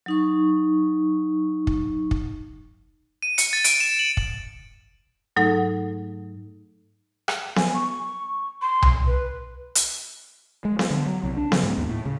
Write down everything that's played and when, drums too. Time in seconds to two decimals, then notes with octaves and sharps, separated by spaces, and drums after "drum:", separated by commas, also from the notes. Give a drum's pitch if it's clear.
0.06 F#3 D#4 C#6
1.67 drum: kick
2.11 drum: kick
3.22 D#7
3.38 C#7, drum: hi-hat
3.53 A6
3.64 D7, drum: hi-hat
3.80 E7
3.99 F#7
4.17 drum: kick
5.36 G#2 F#3 A3 D#4 A4 F#5
7.28 drum: rim click
7.56 G#5, drum: snare B3
7.74 C#6
8.61 C6
8.82 drum: tom C2
9.06 B4
9.75 drum: hi-hat
10.65 G#3
10.79 F3, drum: snare B3
10.90 D3
11.06 F#3
11.23 C2
11.37 D4
11.52 C#3, drum: snare B3
11.63 G#2
11.78 D#2
11.89 A2
12.06 C#3